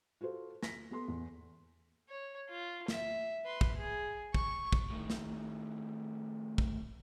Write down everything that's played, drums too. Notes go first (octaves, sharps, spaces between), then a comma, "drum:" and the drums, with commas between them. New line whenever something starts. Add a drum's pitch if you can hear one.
F4 F#4 A4 C5
A#6 B6, drum: snare
B3 A4 C6
E2
C#5
F4
E5, drum: snare
B4 C6
drum: kick
G#4
C#6, drum: kick
drum: kick
A2 D#3
drum: snare
drum: kick